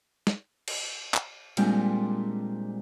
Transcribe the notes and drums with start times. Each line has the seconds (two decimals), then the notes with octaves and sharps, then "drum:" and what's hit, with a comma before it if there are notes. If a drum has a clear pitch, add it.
0.27 drum: snare
0.68 drum: cymbal
1.14 drum: clap
1.57 A#2 G3 G#3 C4 D4, drum: cymbal